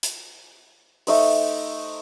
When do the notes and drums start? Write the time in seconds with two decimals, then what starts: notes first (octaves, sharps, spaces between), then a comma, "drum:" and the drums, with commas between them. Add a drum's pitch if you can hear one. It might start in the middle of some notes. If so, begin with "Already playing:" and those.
0.03 drum: hi-hat
1.07 A3 D#4 C5, drum: open hi-hat